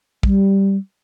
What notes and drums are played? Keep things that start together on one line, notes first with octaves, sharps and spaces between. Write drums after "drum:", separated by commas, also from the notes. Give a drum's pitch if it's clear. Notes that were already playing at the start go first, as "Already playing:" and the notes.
G3, drum: kick